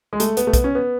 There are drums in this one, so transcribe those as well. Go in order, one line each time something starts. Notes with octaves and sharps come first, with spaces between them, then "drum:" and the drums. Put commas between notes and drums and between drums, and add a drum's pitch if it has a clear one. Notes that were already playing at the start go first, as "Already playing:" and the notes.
G#3
A3, drum: hi-hat
B3, drum: hi-hat
A3
B3, drum: kick, hi-hat
C#4
B3